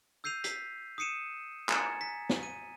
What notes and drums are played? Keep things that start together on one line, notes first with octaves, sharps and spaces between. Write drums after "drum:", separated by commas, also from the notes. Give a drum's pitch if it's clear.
E6 G6 C7 D#7 F7
B6 C7, drum: hi-hat
D#6 C7 C#7 D#7 E7
G#5 A#5 G#6 A6 C#7 E7, drum: clap
B6
drum: snare
D#7